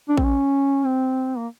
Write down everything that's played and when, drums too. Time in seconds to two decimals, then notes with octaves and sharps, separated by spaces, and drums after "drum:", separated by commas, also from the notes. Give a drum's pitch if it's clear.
0.09 D4
0.17 C4, drum: kick A1
0.24 C#4
0.86 C4
1.38 A#3